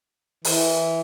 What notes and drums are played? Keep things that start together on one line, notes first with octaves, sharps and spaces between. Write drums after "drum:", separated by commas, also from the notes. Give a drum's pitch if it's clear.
E3, drum: open hi-hat